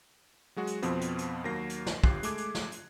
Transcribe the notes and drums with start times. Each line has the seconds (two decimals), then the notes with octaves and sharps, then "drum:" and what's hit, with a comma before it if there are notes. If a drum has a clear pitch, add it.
0.56 F#3 G#3 F#4
0.67 drum: hi-hat
0.82 F2 B2 F3 B3 C4, drum: hi-hat
1.01 drum: hi-hat
1.18 drum: hi-hat
1.44 D#2 F#3 A#3 A#6 C7
1.69 drum: hi-hat
1.86 drum: snare
2.04 G1 F4 G4 F#6 C7, drum: kick
2.23 G#3 A3 D6 G#6, drum: hi-hat
2.38 drum: hi-hat
2.55 drum: snare
2.72 drum: hi-hat